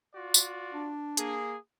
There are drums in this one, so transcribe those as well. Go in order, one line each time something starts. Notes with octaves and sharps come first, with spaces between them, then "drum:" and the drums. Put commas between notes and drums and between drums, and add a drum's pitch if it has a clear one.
F4 F#4 D5
drum: tambourine
D4
A#3 G#4, drum: hi-hat